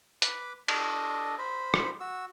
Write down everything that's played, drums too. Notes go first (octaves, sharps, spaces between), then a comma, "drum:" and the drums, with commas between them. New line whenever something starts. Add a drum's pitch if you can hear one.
B4 B5 D6, drum: hi-hat
D4 A4 D#5, drum: cymbal
C5 B5
drum: rim click
F#4 E6